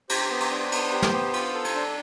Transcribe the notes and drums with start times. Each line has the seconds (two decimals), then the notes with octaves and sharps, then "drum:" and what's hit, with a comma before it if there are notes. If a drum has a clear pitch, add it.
0.10 G4 C5, drum: cymbal
0.30 B3
0.40 drum: cymbal
0.51 D4
0.72 B3, drum: cymbal
0.92 G4
1.02 drum: snare
1.13 B3
1.33 F4, drum: cymbal
1.54 A4
1.64 drum: cymbal
1.75 D4